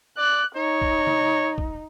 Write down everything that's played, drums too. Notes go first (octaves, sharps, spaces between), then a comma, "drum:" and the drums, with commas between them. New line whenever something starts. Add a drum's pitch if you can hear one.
D5 F#6
D#4 C#5
drum: kick
drum: tom
drum: kick